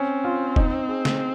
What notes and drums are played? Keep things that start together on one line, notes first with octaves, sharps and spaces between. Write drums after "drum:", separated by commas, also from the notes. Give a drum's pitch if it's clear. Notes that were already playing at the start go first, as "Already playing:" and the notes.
Already playing: C4 C#4
F4
D#4, drum: kick
G#4
drum: snare